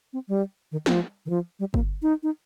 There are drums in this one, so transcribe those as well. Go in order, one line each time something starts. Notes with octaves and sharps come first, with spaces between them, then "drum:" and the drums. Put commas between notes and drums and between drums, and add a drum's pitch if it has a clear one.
C4
G3
D#3
F3, drum: snare
D#3
F3
G3
A#3, drum: kick
D#4
D#4